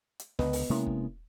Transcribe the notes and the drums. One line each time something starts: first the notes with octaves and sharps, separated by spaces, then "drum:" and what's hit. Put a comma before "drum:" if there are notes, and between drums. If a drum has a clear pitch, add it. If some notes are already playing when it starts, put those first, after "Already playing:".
drum: hi-hat
C#2 D3 B3 B4 D#5, drum: snare
drum: open hi-hat
C3 G#3 A#3 B3 C#4 E4
drum: kick